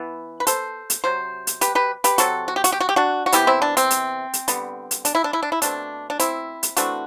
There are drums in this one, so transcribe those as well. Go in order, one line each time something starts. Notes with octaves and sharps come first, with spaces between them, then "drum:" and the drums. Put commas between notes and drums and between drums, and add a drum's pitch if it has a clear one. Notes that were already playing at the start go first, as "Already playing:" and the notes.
Already playing: E3 B3
B4
A4 C5, drum: hi-hat
drum: hi-hat
C3 F#3 C5
drum: hi-hat
G4 B4, drum: hi-hat
G4 B4
G4 B4, drum: hi-hat
C3 F#3 C4 F#4 A4, drum: hi-hat
F#4
G4
F#4, drum: hi-hat
G4
F#4
G4
D4 F#4
F#4
C3 E3 B3 E4 G4, drum: hi-hat
C4 E4
D4
C4, drum: hi-hat
drum: hi-hat
drum: hi-hat
D3 G3 B3, drum: hi-hat
drum: hi-hat
D4, drum: hi-hat
E4
D4
E4
D4
E4
B2 A3 C4 D4, drum: hi-hat
D4
C4 E4, drum: hi-hat
drum: hi-hat
E3 A3 C4 D4 F#4, drum: hi-hat